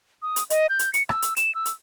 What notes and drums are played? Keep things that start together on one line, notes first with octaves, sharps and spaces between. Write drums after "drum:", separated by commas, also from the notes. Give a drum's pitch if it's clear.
D#6
drum: hi-hat
D#5, drum: hi-hat
G6
drum: hi-hat
C#7, drum: hi-hat
E6, drum: rim click
drum: hi-hat
E7, drum: hi-hat
E6
drum: hi-hat